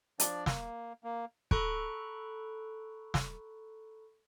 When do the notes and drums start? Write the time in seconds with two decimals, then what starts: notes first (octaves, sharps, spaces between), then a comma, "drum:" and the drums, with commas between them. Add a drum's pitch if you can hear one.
0.20 F3 D4 D5, drum: hi-hat
0.46 A#3, drum: snare
1.04 A#3
1.51 A4 A#5 B5 C#6 F#6 D7, drum: kick
3.14 drum: snare